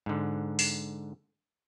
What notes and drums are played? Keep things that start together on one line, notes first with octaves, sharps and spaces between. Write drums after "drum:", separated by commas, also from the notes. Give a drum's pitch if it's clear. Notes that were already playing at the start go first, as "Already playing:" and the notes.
G#2 D3
drum: open hi-hat